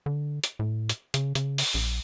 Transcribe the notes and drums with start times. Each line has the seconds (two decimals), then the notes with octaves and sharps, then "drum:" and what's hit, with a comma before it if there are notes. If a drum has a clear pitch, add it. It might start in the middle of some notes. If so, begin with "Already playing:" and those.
0.06 D3
0.44 drum: hi-hat
0.59 A2
0.89 drum: hi-hat
1.14 C#3, drum: hi-hat
1.35 C#3, drum: hi-hat
1.58 drum: open hi-hat
1.74 A#1